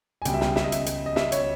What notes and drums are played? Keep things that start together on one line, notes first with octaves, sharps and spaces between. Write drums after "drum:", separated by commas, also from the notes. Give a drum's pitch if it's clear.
G#5
C#2 B2 G3 G5, drum: hi-hat
E5
G5, drum: snare
E5, drum: snare
D#5
E5, drum: hi-hat
drum: hi-hat
D#5
E5, drum: snare
C#5, drum: hi-hat